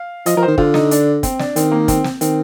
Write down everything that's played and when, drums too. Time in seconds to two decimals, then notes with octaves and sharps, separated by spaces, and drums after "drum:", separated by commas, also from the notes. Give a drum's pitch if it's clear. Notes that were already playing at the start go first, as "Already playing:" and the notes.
Already playing: F5
0.26 F3 D#5, drum: hi-hat
0.37 F3 A#4
0.43 C5
0.48 D#3
0.58 D3 F4, drum: kick
0.74 D#4, drum: snare
0.91 D4, drum: hi-hat
1.23 C4, drum: kick, hi-hat
1.39 D4, drum: snare
1.56 D#3 C4, drum: hi-hat
1.71 A#3
1.88 C4, drum: kick, hi-hat
2.04 drum: snare
2.21 D#3 C4, drum: hi-hat